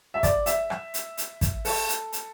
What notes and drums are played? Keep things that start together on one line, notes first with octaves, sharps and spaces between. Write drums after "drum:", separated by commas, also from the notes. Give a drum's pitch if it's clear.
E5
D5, drum: kick, hi-hat
E5, drum: hi-hat
drum: rim click
drum: hi-hat
drum: hi-hat
drum: kick, hi-hat
A4, drum: open hi-hat
drum: hi-hat
drum: hi-hat